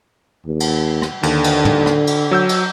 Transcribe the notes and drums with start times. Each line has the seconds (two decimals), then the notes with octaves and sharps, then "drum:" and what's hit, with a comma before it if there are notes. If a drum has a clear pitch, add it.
0.46 D#2
0.60 drum: cymbal
1.02 drum: rim click
1.23 D#2 D3, drum: cymbal
1.44 drum: cymbal
1.65 drum: tom
1.86 drum: rim click
2.07 drum: cymbal
2.31 F#3 E6 G6
2.49 drum: cymbal